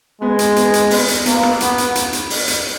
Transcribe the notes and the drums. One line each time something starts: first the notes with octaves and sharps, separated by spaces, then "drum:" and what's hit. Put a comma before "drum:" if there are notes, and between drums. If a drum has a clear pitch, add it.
G#3 B3
drum: hi-hat
B3, drum: hi-hat
drum: hi-hat
B3, drum: open hi-hat
drum: hi-hat
A#3 B3, drum: hi-hat
drum: rim click
B3, drum: hi-hat
drum: hi-hat
drum: hi-hat
drum: hi-hat
drum: open hi-hat
drum: hi-hat